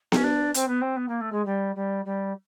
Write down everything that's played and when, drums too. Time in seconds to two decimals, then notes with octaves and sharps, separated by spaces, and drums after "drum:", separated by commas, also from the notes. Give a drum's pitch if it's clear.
0.12 C#4, drum: snare B3
0.23 D4
0.54 C4, drum: hi-hat
0.67 B3
0.81 C4
0.96 B3
1.08 A#3
1.20 A3
1.32 G#3
1.45 G3
1.75 G3
2.05 G3